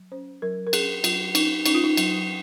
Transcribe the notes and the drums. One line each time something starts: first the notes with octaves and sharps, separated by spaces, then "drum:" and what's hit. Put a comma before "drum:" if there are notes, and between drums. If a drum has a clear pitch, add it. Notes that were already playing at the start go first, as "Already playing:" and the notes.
Already playing: F#3
C#4 C5
F#3 A#4
A#4
C#4 G#4, drum: cymbal
F#3 F4, drum: cymbal
C#4 D#4, drum: cymbal
C#4 D#4, drum: cymbal
F4
D#4
F#3, drum: cymbal